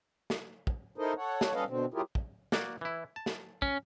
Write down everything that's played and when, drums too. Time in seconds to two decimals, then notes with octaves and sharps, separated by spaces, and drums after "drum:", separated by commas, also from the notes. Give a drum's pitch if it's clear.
0.30 drum: snare
0.67 drum: kick
0.98 D#4 E4 A4 A#4 C5 D#5
1.17 A4 C#5 F#5
1.41 drum: snare
1.53 G3 C#4 A4 B4 D#5 F5
1.67 B2 D3 C4
1.94 F#3 E4 F4 G4 G#4 A#4
2.15 drum: kick
2.52 A#3 F#4 D5, drum: snare
2.81 E3 E4
3.16 A5
3.26 drum: snare
3.62 C#4, drum: kick